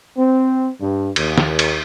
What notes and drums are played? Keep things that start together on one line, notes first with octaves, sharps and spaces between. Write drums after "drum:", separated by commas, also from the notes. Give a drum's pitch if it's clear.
C4
G2
D#2, drum: cymbal
drum: snare
drum: cymbal